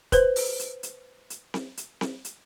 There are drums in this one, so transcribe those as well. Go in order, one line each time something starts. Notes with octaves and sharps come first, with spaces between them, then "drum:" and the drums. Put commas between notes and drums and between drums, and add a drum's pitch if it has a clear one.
B4 C5, drum: kick, hi-hat
drum: open hi-hat
drum: hi-hat
drum: hi-hat
drum: hi-hat
drum: snare C4
drum: hi-hat
drum: snare C4
drum: hi-hat